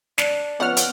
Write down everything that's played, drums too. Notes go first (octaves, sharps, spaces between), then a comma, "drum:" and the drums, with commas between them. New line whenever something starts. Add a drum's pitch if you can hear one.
D4, drum: snare
F3 B3 C#4 C#5 F#5 F6
drum: hi-hat